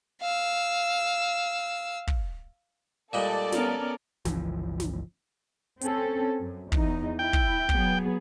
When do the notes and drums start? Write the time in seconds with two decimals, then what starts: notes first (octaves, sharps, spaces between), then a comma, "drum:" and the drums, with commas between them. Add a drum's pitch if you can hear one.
0.21 F5 E6
2.07 drum: kick
3.13 A#2 G3 G#3 A4 D5
3.52 B3 C#4 A#4, drum: snare
4.25 G1 C#2 E3 F3, drum: snare
4.80 drum: snare
5.81 C4 C#4 A4, drum: hi-hat
6.40 F#2
6.72 E2 D#4, drum: kick
7.19 E4 G5
7.33 drum: kick
7.69 F#3 B3 G#4, drum: kick